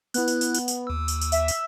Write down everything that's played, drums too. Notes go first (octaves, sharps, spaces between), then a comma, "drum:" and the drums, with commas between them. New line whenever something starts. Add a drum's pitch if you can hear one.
B3 E4 F#6, drum: tambourine
drum: tambourine
drum: tambourine
drum: tambourine
drum: tambourine
D#2 E6
drum: tambourine
drum: tambourine
E5, drum: tambourine
drum: tambourine